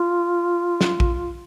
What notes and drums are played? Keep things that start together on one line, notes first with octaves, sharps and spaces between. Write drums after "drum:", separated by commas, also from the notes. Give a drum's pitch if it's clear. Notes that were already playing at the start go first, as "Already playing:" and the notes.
Already playing: F4
drum: snare
drum: kick A#1